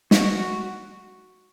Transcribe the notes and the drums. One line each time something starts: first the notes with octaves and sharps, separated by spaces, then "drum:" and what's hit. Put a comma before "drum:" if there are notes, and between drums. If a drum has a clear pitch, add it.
F#4, drum: snare